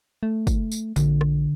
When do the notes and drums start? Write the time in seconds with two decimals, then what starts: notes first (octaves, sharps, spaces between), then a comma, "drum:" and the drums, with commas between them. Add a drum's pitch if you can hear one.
0.23 A3
0.47 drum: kick, tambourine
0.72 drum: tambourine
0.96 A#1 D3, drum: tambourine
1.21 drum: rim click